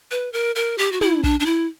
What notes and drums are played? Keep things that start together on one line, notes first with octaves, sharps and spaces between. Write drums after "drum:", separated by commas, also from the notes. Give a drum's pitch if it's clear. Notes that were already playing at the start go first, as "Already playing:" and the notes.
B4
A#4
A#4
G4
F#4
E4, drum: tom
D4, drum: kick
D4
E4